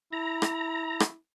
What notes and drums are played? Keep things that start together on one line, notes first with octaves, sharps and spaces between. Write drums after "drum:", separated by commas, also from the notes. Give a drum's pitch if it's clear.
E4 A#5
drum: rim click
drum: rim click